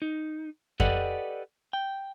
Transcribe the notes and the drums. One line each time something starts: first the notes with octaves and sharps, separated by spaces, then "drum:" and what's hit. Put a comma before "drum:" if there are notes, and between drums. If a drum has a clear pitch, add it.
D#4
G4 A4 B4 D5 D#5 F#5, drum: kick F2
G5